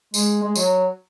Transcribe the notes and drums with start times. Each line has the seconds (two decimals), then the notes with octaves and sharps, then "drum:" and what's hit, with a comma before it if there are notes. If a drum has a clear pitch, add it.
0.14 G#3, drum: tambourine
0.43 G#3
0.55 F#3, drum: tambourine